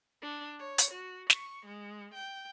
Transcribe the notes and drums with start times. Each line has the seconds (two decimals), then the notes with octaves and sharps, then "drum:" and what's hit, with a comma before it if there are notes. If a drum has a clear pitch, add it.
0.22 D4
0.59 C#5
0.78 drum: hi-hat
0.91 F#4
1.30 C#6, drum: snare
1.66 G#3
2.14 G5